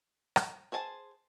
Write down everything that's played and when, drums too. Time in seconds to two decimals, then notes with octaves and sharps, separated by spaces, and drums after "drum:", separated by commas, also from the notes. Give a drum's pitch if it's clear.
0.36 drum: rim click
0.72 G#4 C5 G#5 A5